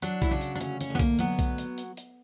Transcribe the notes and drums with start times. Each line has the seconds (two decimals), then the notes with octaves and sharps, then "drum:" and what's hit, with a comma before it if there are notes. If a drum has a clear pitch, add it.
0.02 F#3 D4, drum: hi-hat
0.22 E4, drum: kick B1, hi-hat
0.31 C#3 D4
0.41 drum: hi-hat
0.55 D4
0.61 D2 C#4, drum: hi-hat
0.81 C#4, drum: hi-hat
0.90 D2 B3
0.99 A#3, drum: kick B1, hi-hat
1.19 F#3 B3, drum: hi-hat
1.39 drum: kick B1, hi-hat
1.58 drum: hi-hat
1.78 drum: hi-hat
1.97 drum: hi-hat